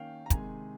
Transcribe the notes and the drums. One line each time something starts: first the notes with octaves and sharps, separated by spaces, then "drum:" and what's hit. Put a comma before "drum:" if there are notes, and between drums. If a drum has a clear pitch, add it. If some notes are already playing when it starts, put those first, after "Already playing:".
Already playing: D#3 A#3 C#4 F5 G5
A#5
C3 D#3 G#3 G#5, drum: kick, hi-hat